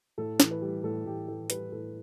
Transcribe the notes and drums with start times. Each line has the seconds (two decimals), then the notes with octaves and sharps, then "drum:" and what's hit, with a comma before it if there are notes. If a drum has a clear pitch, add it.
0.18 A2 A4
0.40 E3, drum: snare
0.51 B4
0.62 G3
0.83 A2 A4
1.06 A2 G4
1.28 E3 A4
1.50 G3 B4, drum: hi-hat
1.72 A2 A4